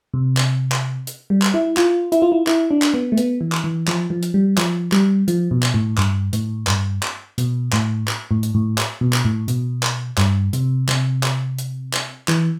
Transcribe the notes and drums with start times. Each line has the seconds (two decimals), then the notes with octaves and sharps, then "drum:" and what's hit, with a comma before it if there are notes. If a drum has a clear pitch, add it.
0.14 C3
0.37 drum: clap
0.72 drum: clap
1.07 drum: hi-hat
1.30 G3
1.42 drum: clap
1.54 E4
1.77 F4, drum: clap
2.12 E4, drum: hi-hat
2.22 F4
2.32 E4
2.47 E4, drum: clap
2.71 D4
2.82 drum: clap
2.94 B3
3.12 A3
3.17 B3, drum: hi-hat
3.41 E3
3.52 drum: clap
3.64 E3
3.88 F3, drum: clap
4.10 F3
4.22 drum: hi-hat
4.34 G3
4.58 F3, drum: clap
4.92 G3, drum: clap
5.28 F3, drum: hi-hat
5.51 B2
5.63 drum: clap
5.74 A2
5.98 G2, drum: clap
6.33 A2, drum: hi-hat
6.67 G2, drum: clap
7.03 drum: clap
7.38 B2, drum: hi-hat
7.73 A2, drum: clap
8.08 drum: clap
8.31 A2
8.43 drum: hi-hat
8.55 A2
8.78 drum: clap
9.01 B2
9.13 drum: clap
9.25 A2
9.48 B2, drum: hi-hat
9.83 drum: clap
10.18 G2, drum: clap
10.53 C3, drum: hi-hat
10.88 C3, drum: clap
11.23 drum: clap
11.58 drum: hi-hat
11.93 drum: clap
12.28 E3, drum: clap